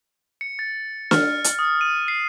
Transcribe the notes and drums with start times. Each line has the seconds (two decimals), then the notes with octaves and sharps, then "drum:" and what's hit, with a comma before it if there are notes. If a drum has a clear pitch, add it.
0.41 C#7
0.59 A6
1.11 F6, drum: snare
1.44 drum: hi-hat
1.59 D#6
1.81 D#7
2.08 C7